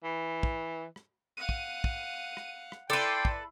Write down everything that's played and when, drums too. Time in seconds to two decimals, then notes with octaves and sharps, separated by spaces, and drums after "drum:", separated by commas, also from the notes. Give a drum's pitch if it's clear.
0.04 E3
0.43 drum: kick
0.96 drum: rim click
1.37 F5 F#5 D#7
1.49 drum: kick
1.84 drum: kick
2.37 drum: rim click
2.72 drum: rim click
2.90 E4 A4 B4 D5 G5 C6
3.25 drum: kick